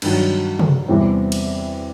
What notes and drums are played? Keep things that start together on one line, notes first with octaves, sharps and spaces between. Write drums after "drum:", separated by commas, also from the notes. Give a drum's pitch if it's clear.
G2 D#3 F#3, drum: cymbal
drum: tom
E2 C3 E3 G3 C4
drum: cymbal